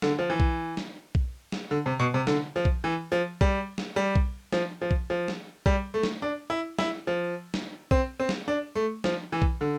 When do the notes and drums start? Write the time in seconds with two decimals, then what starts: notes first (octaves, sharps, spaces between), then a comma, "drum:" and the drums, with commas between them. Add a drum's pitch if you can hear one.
0.02 D3, drum: snare
0.19 F3
0.30 E3
0.40 drum: kick B1
0.77 drum: snare
1.15 drum: kick B1
1.52 drum: snare
1.71 D3
1.86 C3
1.99 B2
2.14 C3
2.27 D3, drum: snare
2.56 F3
2.65 drum: kick B1
2.84 E3
3.12 F3
3.41 G3, drum: kick B1
3.78 drum: snare
3.96 G3
4.16 drum: kick B1
4.52 F3, drum: snare
4.81 F3
4.91 drum: kick B1
5.10 F3
5.28 drum: snare
5.66 G3, drum: kick B1
5.94 A3
6.03 drum: snare
6.22 D4
6.50 E4
6.79 E4, drum: snare
7.07 F3
7.54 drum: snare
7.91 C4, drum: kick B1
8.20 C4
8.29 drum: snare
8.48 D4
8.75 A3
9.04 F3, drum: snare
9.32 E3
9.42 drum: kick B1
9.61 D3